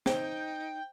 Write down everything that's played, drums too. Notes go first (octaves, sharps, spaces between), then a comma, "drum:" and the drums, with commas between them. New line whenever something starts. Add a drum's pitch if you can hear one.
D#4 C5 G5, drum: snare